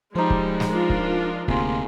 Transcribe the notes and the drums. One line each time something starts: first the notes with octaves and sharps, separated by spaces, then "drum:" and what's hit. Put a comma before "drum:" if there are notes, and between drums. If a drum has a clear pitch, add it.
F3 G3 G#3 D#4 C5
drum: kick
drum: snare
D4 F4 A#4
drum: kick
D2 C3 G#3 A#3 C6, drum: kick